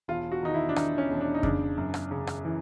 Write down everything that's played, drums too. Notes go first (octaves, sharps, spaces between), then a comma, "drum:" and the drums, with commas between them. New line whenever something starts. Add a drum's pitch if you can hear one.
E1 F4
F#4
D#3 D#4
E4
D4
D#3 D#4, drum: rim click
C#4
E1
D4
D#4
C#3 D4, drum: kick F2
F#2
drum: rim click
C#3
drum: rim click
E3